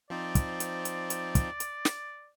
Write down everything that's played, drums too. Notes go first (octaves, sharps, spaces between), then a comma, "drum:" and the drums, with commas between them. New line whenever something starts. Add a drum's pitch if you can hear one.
F3 C4 D#4 D5
drum: kick, hi-hat
drum: hi-hat
drum: hi-hat
drum: hi-hat
drum: kick, hi-hat
drum: hi-hat
drum: snare